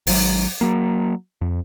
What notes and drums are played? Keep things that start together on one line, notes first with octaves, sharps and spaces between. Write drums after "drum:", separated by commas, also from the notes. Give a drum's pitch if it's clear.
G#1 G#2 F#3, drum: open hi-hat
F#3 A#3
F2